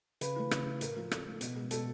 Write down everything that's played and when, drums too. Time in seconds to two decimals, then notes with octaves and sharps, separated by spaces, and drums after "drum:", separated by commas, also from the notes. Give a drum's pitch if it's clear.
0.21 C#3 B4, drum: hi-hat
0.36 E3 A3
0.51 C#3, drum: rim click
0.66 E3 A3
0.81 A2 A#4, drum: hi-hat
0.96 F3 A3
1.11 A2 A4, drum: rim click
1.27 F3 A3
1.41 B2, drum: hi-hat
1.56 G#3
1.71 B2 A4, drum: hi-hat